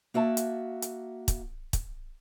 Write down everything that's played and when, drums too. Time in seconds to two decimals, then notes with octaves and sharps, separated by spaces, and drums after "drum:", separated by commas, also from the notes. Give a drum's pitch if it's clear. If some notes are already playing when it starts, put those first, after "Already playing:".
0.14 A#3 F#4 E5 A5
0.37 drum: hi-hat
0.82 drum: hi-hat
1.28 drum: kick, hi-hat
1.73 drum: kick, hi-hat